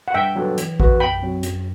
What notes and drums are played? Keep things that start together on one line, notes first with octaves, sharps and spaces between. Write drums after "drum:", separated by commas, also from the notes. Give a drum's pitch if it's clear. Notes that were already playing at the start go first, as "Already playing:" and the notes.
F#5
G2 E5 G5
F#3 B3 D4 A4
E3, drum: hi-hat
B3 F#4 B4, drum: kick A1
F#2 G5 B5
F#3 C4
F#2, drum: hi-hat